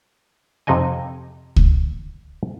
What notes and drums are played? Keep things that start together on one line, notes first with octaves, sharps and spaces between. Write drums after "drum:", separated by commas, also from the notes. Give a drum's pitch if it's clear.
F2 C3 D#4 D#5 G#5
drum: kick C#2